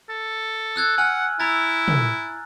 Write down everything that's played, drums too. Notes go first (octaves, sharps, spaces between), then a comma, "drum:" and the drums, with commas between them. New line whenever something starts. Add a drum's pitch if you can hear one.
A4
E6 F#6 G#6
F#5 G#5 F6
E4 A#5 A6
drum: tom